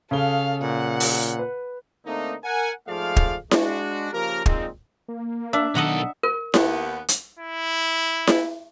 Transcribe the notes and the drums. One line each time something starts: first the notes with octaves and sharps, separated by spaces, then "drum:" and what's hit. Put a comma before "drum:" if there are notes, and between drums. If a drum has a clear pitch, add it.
C#3 G#4 A4 F5 G7
A#2 F#5
drum: open hi-hat
B4
D3 A3 A#3 C4 D#4
A#4 F#5 G#5
G#2 F3 A3 G#4 D5 F5
drum: kick
G#3 D4 F#4, drum: snare E4
C#3 F3 A#3 G4 A#4
A#2 G#3 C4 D#4, drum: kick
A#3
D4 E5
B1 D#3 A4 D#5 F#5 A#5
A#4
D#2 B3, drum: snare E4
drum: hi-hat
E4
drum: snare E4